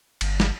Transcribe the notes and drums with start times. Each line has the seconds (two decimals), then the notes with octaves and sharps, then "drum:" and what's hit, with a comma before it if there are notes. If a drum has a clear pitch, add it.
0.21 G1, drum: cymbal
0.40 drum: snare